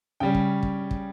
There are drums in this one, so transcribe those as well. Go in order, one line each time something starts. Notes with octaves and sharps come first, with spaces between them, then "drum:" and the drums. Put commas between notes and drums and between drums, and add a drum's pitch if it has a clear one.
C#3 G3 C#4 G5
drum: kick
drum: kick
drum: kick